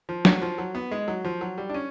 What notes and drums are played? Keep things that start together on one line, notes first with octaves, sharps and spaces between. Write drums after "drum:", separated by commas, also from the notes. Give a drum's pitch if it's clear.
F3
F#3, drum: snare
F3
F#3
B3
G#3
F#3
F3
F#3
G3
D4
C#4